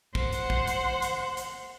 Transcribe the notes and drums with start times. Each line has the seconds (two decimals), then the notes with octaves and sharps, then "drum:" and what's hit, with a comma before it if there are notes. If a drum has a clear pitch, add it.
0.15 C5 F#5, drum: kick
0.32 drum: hi-hat
0.50 drum: kick
0.67 drum: hi-hat
1.02 drum: hi-hat
1.37 drum: hi-hat